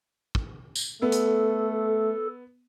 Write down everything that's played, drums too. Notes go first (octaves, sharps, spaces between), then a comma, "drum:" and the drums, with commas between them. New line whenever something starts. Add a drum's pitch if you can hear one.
drum: kick
drum: tambourine
A3 B3 A4
drum: hi-hat